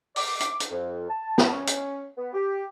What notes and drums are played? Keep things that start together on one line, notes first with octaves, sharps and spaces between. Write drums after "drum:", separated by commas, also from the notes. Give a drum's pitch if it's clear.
D6, drum: open hi-hat
drum: hi-hat
drum: hi-hat
F2
A5
drum: snare
C#4
drum: hi-hat
B3
G4